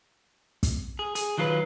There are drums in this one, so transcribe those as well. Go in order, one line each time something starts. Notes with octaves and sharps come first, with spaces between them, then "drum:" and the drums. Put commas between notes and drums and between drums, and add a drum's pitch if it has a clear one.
drum: kick, hi-hat
G#4
G#4, drum: hi-hat
D#3 F#3 F4 A4 B4